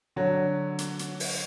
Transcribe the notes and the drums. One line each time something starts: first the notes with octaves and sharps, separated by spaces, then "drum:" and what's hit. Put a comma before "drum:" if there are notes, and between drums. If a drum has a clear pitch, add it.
D3 F#3
drum: hi-hat
drum: hi-hat
drum: open hi-hat